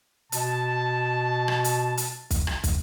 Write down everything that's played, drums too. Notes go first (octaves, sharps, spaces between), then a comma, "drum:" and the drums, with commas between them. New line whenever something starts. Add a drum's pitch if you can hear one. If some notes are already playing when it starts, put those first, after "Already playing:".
B2 A5, drum: hi-hat
drum: rim click
drum: hi-hat
drum: hi-hat
drum: kick, hi-hat
drum: rim click
drum: kick, hi-hat